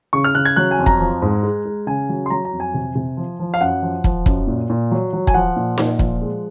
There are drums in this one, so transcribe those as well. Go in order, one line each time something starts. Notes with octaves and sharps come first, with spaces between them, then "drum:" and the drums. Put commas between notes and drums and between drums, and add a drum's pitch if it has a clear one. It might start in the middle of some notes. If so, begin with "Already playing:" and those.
C#3 C#6
F6
C#3 F#6
G#6
F#3 F#6
G#5
F2
A#5, drum: kick
F3
G#2
G#3
G#3
C#3 G#5
F#3
C6
F#3 A#5
A#5
F2
G#5
C3
C3
F3
F3
F5
F#2 F#5
F3
F3, drum: kick
F#2, drum: kick
A#2
A#2
F#3
F#3
G#5, drum: kick
F3 F#5
A#2
A#2, drum: snare
F3, drum: kick
G#3